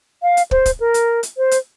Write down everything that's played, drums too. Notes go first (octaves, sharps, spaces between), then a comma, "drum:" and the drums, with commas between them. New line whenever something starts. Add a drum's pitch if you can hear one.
F5
drum: hi-hat
C5, drum: kick
drum: kick, hi-hat
A#4
drum: hi-hat
drum: hi-hat
C5
drum: hi-hat